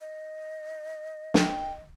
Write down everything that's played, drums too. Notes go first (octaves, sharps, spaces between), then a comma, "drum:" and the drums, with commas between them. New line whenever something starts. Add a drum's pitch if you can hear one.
D#5
G5, drum: snare